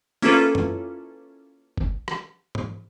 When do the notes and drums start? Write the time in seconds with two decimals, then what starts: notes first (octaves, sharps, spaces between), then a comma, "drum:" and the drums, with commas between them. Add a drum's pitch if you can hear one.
0.22 A#3 C#4 E4 F4 A4 B4, drum: open hi-hat
0.55 drum: tom
1.77 drum: kick
2.08 drum: rim click
2.55 drum: tom G#2